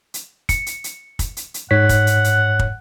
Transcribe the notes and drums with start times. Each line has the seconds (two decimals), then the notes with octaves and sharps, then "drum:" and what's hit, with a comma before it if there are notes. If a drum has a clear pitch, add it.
0.14 drum: hi-hat
0.49 C#7, drum: kick, hi-hat
0.66 drum: hi-hat
0.84 drum: hi-hat
1.19 drum: kick, hi-hat
1.37 drum: hi-hat
1.54 drum: hi-hat
1.71 G#2 C#5 F#5 B6
1.89 drum: kick, hi-hat
2.07 drum: hi-hat
2.24 drum: hi-hat
2.59 drum: kick